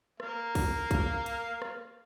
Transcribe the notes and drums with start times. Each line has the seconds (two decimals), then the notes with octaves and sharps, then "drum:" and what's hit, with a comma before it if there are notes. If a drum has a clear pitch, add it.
0.20 A#3 F5, drum: rim click
0.55 drum: kick, open hi-hat
0.91 drum: kick, hi-hat
1.26 drum: hi-hat
1.62 drum: rim click